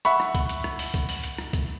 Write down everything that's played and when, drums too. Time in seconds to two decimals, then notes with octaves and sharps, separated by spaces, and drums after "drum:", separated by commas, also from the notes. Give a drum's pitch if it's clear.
0.05 E5 F#5 B5 C#6, drum: hi-hat
0.20 drum: rim click
0.35 drum: kick C#2, hi-hat
0.49 drum: hi-hat
0.64 drum: rim click
0.79 drum: open hi-hat
0.94 drum: kick C#2, hi-hat
1.09 drum: open hi-hat
1.24 drum: hi-hat
1.38 drum: rim click
1.53 drum: kick C#2, hi-hat